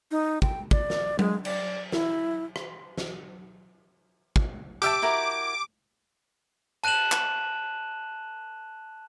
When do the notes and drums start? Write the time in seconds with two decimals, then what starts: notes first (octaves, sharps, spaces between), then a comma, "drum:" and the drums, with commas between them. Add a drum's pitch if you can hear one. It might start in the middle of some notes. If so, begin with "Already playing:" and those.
0.11 D#4
0.42 G5, drum: kick
0.71 D5, drum: kick
0.90 drum: snare
1.19 G#3, drum: tom F#3
1.45 D5, drum: cymbal
1.92 E4, drum: snare
2.56 drum: rim click
2.98 drum: snare
4.36 drum: kick
4.82 G4 E5 A5 D6, drum: hi-hat
5.02 E4 F#4 A#4
6.83 A5 F#6 D#7 E7 F#7, drum: cymbal
7.12 drum: clap